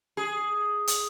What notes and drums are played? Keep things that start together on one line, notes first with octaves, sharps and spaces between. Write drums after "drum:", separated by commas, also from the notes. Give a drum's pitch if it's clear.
G#4
drum: hi-hat